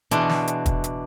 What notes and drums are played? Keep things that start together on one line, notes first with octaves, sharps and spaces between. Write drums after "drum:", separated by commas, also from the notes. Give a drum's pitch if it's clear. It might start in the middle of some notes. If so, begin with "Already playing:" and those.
B2 E3 D4 F#4 G#4 C6, drum: hi-hat
drum: snare
drum: hi-hat
drum: kick, hi-hat
drum: hi-hat